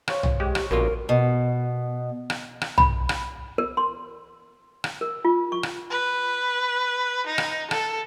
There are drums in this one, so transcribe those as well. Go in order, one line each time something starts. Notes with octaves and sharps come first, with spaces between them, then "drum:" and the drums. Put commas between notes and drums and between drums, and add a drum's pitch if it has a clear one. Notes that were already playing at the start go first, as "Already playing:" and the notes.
C5 C#5 F5, drum: rim click
drum: tom
G#3 G4
drum: rim click
A#1 B2 D3 F4 A#4
B2
drum: rim click
drum: rim click
B5, drum: tom
drum: rim click
A#4
C6
drum: rim click
A#4
F4
C#6
drum: rim click
B4
D#4
drum: rim click
A4, drum: rim click